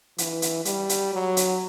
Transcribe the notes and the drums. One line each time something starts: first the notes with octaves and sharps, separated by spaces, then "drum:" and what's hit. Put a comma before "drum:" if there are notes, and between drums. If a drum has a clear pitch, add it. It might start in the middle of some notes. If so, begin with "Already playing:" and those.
E3, drum: hi-hat
drum: hi-hat
G3, drum: hi-hat
drum: hi-hat
F#3
drum: hi-hat